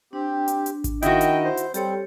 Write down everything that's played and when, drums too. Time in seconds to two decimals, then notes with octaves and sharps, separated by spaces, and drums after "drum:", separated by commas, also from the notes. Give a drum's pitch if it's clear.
0.13 C4 D4 G4
0.48 drum: hi-hat
0.66 drum: hi-hat
0.84 drum: kick G#1, hi-hat
1.02 D#3 E4 F#4 D#5 G5, drum: hi-hat
1.21 drum: hi-hat
1.45 C5
1.57 drum: hi-hat
1.74 G3 C4 G4 A4 C#5, drum: hi-hat